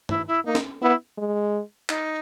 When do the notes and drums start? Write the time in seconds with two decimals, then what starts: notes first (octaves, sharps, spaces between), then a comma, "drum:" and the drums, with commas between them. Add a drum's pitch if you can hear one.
0.09 E4, drum: tom G2
0.27 E4
0.45 A#3 D#4
0.55 drum: snare
0.81 B3 E4
1.18 G#3
1.89 D#4, drum: clap